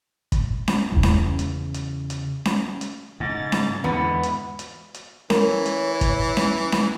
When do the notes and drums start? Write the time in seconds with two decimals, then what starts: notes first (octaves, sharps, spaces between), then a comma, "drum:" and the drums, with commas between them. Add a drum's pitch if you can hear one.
0.32 drum: kick, hi-hat
0.68 drum: snare C#4
0.92 E2 C#3
1.03 drum: snare C#4
1.39 drum: hi-hat
1.74 drum: hi-hat
2.10 drum: hi-hat
2.45 drum: snare C#4
2.81 drum: hi-hat
3.20 G#2 C#3 A6
3.52 drum: snare C#4
3.84 E2 G#2 D3 E3 B3
4.23 drum: hi-hat
4.59 drum: hi-hat
4.94 drum: hi-hat
5.30 E3 A#4 C#5, drum: snare C#4
5.66 drum: hi-hat
6.01 drum: kick, hi-hat
6.37 drum: snare C#4
6.72 drum: snare C#4